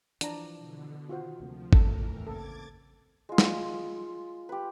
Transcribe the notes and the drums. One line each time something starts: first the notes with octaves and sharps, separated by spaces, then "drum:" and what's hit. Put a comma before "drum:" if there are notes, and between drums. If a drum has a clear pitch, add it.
E3 F3 D4 A#5, drum: hi-hat
B2 D3
D#3 F4 F#4 C5
D2 C3 F3 A#3
A2 E3 A4 A#4, drum: kick G#1
C#3 A#3 C4 A4 D6 G#6 A6
G#3 F4
drum: snare
G4 B4